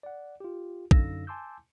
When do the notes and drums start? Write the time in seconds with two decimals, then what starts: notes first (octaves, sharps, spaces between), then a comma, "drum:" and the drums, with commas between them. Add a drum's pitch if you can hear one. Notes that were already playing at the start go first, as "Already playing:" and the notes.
0.03 D5 F#5
0.40 F4 G4
0.91 F#2 D3 D#4 F5 E6 A#6, drum: kick
1.27 G#5 A5 C6 D6 E6 G6